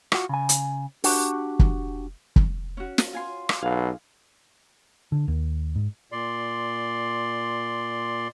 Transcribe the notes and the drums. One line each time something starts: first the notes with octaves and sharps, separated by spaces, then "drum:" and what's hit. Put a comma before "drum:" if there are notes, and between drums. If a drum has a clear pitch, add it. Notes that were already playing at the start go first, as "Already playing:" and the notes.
F4 F#4, drum: rim click
C#3 G#5
drum: hi-hat
D4 F#4 G4 F#5, drum: open hi-hat
drum: kick
drum: kick
C#4 F#4
drum: snare
F4 G#5 C6
drum: rim click
B1 G#4 F5 F6
D3
D#2
G#2
A#2 D5 C6